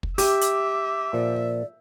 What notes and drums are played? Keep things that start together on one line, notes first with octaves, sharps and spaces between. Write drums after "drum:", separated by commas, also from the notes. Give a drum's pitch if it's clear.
drum: kick
G4 E5 D6, drum: open hi-hat
drum: hi-hat
A#2 F3 D5